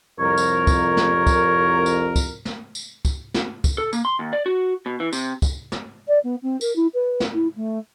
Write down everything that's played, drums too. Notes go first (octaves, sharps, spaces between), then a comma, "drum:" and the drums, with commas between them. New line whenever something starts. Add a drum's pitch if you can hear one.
C2 F2 A#4 C#5
drum: tambourine
drum: kick, tambourine
drum: snare
drum: kick, tambourine
drum: tambourine
drum: kick, tambourine
drum: snare
drum: tambourine
drum: kick, tambourine
drum: snare
drum: kick, tambourine
A4
A#3, drum: tambourine
C6
D#2
D5
F#4
B2
E3
C3, drum: tambourine
drum: kick, tambourine
drum: snare
D5
B3
C4
A#4, drum: tambourine
E4
B4
drum: snare
E4
A3